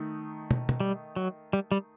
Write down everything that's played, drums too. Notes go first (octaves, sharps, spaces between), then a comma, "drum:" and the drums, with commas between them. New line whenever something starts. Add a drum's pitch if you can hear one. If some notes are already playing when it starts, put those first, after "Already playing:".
Already playing: D#3 A3 D#4
drum: tom
drum: tom
G3
F#3
G3
G3